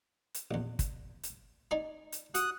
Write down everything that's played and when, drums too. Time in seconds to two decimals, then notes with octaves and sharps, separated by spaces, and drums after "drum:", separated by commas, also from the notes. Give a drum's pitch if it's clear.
0.34 drum: hi-hat
0.51 A#1 E2
0.79 drum: kick, hi-hat
1.23 drum: hi-hat
1.71 D#4 D5 G#5
2.12 drum: hi-hat
2.35 F#4 D#6 F#6, drum: hi-hat